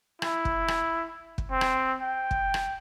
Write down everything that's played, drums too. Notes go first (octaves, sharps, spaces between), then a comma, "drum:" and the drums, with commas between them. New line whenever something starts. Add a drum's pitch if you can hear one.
E4, drum: rim click
drum: kick
drum: rim click
drum: kick
C4
drum: rim click
G5
drum: kick
drum: rim click